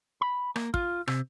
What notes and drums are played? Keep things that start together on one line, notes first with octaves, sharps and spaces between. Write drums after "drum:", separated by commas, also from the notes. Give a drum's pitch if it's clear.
B5
A#3, drum: rim click
F4, drum: kick
C3, drum: rim click